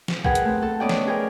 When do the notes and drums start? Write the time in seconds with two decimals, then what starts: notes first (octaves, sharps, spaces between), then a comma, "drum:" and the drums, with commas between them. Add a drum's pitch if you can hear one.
0.08 drum: snare
0.25 G#4 A#4 B4 F#5 G5, drum: kick B1
0.35 drum: hi-hat
0.45 A3 C4
0.62 A4
0.80 B3 C#4 D5 D#5 G5
0.89 drum: snare
1.07 G#4 A#4 B4 G5 F6